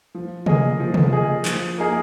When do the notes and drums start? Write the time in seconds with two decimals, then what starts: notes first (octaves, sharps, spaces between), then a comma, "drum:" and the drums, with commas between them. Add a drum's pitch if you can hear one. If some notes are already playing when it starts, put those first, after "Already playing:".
0.15 F3
0.46 A#3 G#4 D#5, drum: tom C3
0.80 F3
0.94 drum: tom C3
1.13 A#3 G#4 D#5
1.45 F3, drum: clap
1.78 A#3 D#4 G#4